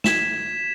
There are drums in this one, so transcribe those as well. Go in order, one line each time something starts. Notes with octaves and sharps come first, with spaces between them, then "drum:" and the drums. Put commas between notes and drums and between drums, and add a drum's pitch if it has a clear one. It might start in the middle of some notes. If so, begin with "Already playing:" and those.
G#6 B6 E7, drum: snare